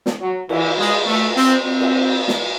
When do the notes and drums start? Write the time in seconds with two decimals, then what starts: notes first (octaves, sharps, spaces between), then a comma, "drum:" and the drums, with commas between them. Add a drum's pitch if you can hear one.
0.06 drum: snare
0.21 F#3
0.49 E3, drum: cymbal
0.78 G#3
1.06 A3
1.35 C4
1.63 C4
1.80 drum: cymbal
2.28 drum: snare